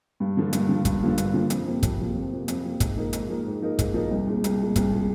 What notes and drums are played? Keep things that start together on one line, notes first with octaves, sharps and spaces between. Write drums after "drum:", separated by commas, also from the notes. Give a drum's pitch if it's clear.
G2
D3 F3 A#3 F4
G2, drum: hi-hat
D3 F3 A#3 F4
G2, drum: kick, hi-hat
D3 F3 A#3 F4
G2, drum: hi-hat
D3 F3 A#3 F4
F2, drum: hi-hat
C3 F3 A#3
F2, drum: kick, hi-hat
C3 F3 A#3
F2
C3 F3 A#3
F2, drum: hi-hat
C3 F3 A#3
G#2, drum: kick, hi-hat
F3 A#3 D#4 A#4
G#2, drum: hi-hat
F3 A#3 D#4 A#4
G#2
F3 A#3 D#4 A#4
G#2, drum: kick, hi-hat
F3 A#3 D#4 A#4
C2
A#2 G#3
C2, drum: hi-hat
A#2 G#3
C2, drum: kick, hi-hat
A#2 G#3